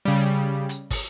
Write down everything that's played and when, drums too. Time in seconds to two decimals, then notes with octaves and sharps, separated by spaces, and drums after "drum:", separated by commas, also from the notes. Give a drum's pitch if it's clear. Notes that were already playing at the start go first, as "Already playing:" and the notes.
0.05 C#3 G3
0.69 drum: hi-hat
0.90 drum: kick, open hi-hat